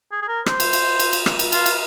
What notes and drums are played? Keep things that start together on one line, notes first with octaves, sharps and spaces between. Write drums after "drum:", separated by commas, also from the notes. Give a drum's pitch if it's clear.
G#4
G#4
A#4
C5, drum: rim click
drum: cymbal
drum: cymbal
drum: cymbal
drum: cymbal
drum: rim click
drum: cymbal
F4, drum: cymbal
drum: cymbal